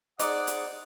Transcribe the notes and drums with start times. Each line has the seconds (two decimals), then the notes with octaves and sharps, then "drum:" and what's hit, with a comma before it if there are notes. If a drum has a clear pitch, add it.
0.19 D#4 G#4 C5 D5 F#5 D6 D#6, drum: hi-hat
0.47 drum: hi-hat